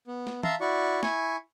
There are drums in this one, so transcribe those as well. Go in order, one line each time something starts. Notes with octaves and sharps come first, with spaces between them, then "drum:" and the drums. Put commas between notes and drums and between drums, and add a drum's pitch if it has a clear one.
B3
drum: snare
E5 F5 A5 A#5 C6, drum: tom E3
E4 F#4 D5 C#6
E4 G#5 C#6, drum: snare